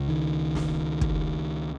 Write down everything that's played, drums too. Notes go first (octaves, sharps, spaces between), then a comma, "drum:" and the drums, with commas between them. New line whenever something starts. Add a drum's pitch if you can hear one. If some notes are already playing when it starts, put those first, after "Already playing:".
Already playing: C#2 C#3
D#3
drum: snare
drum: kick